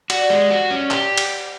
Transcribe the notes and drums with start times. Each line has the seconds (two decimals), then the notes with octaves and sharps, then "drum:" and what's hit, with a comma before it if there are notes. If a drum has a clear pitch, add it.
0.10 G3 F#4, drum: cymbal
0.30 G#3
0.50 F#4
0.71 C#4
0.91 G4, drum: clap
1.17 drum: cymbal